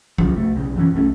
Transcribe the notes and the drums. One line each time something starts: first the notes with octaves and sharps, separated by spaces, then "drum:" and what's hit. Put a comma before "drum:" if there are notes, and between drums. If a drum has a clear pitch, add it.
C#2 F#2 C#3 F3, drum: kick
C2 A3
B1 C#3
F#2 E3 C#4
B1 A3 C#4